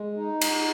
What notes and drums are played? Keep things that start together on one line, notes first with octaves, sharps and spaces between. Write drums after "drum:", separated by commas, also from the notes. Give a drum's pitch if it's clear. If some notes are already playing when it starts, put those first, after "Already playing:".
Already playing: G#3
D#4
drum: cymbal